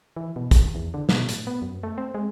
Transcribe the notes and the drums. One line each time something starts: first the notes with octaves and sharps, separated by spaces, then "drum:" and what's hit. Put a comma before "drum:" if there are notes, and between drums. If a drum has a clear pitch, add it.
E3
B2
D#1, drum: kick, hi-hat
E2
D3
B2, drum: snare
A2, drum: hi-hat
B3
F#2
A3
C4
G#3